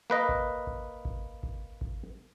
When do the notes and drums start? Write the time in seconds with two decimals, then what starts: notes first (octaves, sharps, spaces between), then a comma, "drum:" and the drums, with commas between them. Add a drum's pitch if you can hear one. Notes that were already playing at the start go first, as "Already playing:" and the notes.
0.10 A#3 B4 D#5
0.29 drum: kick G#1
0.67 drum: kick G#1
1.05 drum: kick G#1
1.43 drum: kick G#1
1.81 drum: kick G#1